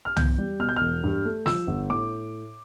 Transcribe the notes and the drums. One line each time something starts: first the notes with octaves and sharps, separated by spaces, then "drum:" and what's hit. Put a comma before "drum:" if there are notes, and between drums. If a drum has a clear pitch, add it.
F6
E2 G6, drum: tom
G3
B2 F6
G6
E1 F6
G2
A3
F3 E6, drum: snare
G1
A2 D6